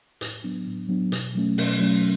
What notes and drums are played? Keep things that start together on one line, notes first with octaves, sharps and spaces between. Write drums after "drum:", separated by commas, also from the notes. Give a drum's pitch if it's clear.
A2, drum: hi-hat
F#3 B3 D4
A2
F#3 B3 D4
B2, drum: hi-hat
F#3 A3 C#4
B2, drum: open hi-hat
F#3 A3 C#4